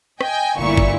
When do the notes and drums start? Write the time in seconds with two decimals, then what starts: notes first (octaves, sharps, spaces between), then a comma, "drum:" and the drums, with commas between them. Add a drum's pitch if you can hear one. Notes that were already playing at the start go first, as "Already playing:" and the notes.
0.21 D#5 G5 G#5, drum: rim click
0.58 G1 D2 A#2 E4 C#6
0.77 drum: kick